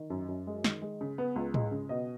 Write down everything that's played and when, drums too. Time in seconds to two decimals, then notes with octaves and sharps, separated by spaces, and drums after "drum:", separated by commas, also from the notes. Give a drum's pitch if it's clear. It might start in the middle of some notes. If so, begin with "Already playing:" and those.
Already playing: D#3
0.10 F#2
0.28 F#2
0.47 G#3
0.64 D#3, drum: snare
0.82 G#3
1.01 C#3
1.18 B3
1.36 C#2
1.54 G#3, drum: tom
1.72 C#3
1.89 B2 D#5